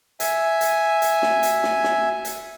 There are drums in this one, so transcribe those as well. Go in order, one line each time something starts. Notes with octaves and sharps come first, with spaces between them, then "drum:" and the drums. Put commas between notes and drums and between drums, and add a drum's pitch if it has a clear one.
E5 G#5, drum: hi-hat
drum: hi-hat
drum: hi-hat
drum: snare
drum: hi-hat
drum: snare
drum: snare
drum: hi-hat